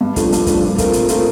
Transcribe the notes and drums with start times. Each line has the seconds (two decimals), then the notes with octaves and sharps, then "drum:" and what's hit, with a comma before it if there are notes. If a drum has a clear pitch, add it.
0.01 G2
0.16 F3 A3 D4, drum: kick, hi-hat
0.32 G2, drum: hi-hat
0.47 F3 A3 D4, drum: kick, hi-hat
0.62 A#2
0.78 A3 C4 F4 A#4, drum: kick, hi-hat
0.93 A#2, drum: hi-hat
1.08 A3 C4 F4 A#4, drum: hi-hat